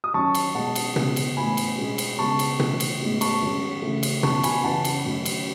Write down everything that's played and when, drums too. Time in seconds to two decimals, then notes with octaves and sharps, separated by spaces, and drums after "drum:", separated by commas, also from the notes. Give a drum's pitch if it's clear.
0.04 D#6
0.14 F#2 D#3 F#3 C#4 A5 C#6
0.35 drum: cymbal
0.55 B2 G#3 B3 F#5 A5
0.75 drum: cymbal
0.96 C#3 G#3 B3, drum: tom B2
1.16 drum: cymbal
1.37 A2 E3 B3 G#5 B5
1.57 drum: cymbal
1.78 B2 G#3 C#4
1.98 drum: cymbal
2.19 C#3 G#3 B3 A5 C#6
2.39 drum: cymbal
2.59 C#3 E3 A3, drum: tom B2
2.80 drum: cymbal
3.00 A2 G#3 B3
3.21 A5 C#6, drum: cymbal
3.41 F#2 D#3 G#3 C#4
3.82 C#3 E3 A3
4.03 drum: cymbal
4.23 F#2 E3 B3 A5 C#6, drum: tom B2
4.44 G#5 B5, drum: cymbal
4.64 F#2 C#3 E3 F#5 A5
4.85 drum: cymbal
5.05 F#2 D#3 F#3 A3 C#4
5.25 drum: cymbal